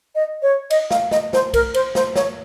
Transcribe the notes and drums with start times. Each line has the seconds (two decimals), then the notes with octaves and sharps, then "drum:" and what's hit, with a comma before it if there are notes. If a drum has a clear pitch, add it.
0.15 D#5
0.42 C#5
0.71 D#5, drum: cymbal
0.91 F5, drum: snare
1.11 D#5, drum: snare
1.33 C5, drum: snare
1.54 A#4, drum: kick B1, cymbal
1.74 C5, drum: cymbal
1.95 C5, drum: snare
2.16 C#5, drum: snare